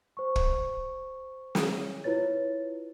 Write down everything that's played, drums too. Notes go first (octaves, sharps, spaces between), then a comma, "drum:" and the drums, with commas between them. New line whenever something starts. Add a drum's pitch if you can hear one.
C5 C#6
drum: kick
drum: snare
E4 F4 B4 C#5 A6